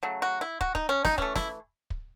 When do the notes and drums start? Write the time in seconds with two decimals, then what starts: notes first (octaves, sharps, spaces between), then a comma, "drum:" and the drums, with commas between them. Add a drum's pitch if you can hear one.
0.03 C#3 F#3 A3
0.22 F#4
0.41 E4
0.61 F#4, drum: kick
0.75 D#4, drum: kick
0.89 C#4
1.05 D#4, drum: snare
1.18 E3 A3 C#4, drum: kick
1.36 E4, drum: snare
1.90 drum: kick